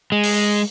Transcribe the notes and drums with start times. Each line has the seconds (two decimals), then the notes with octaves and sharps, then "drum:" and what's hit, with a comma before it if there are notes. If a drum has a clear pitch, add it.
0.12 G#3
0.23 drum: open hi-hat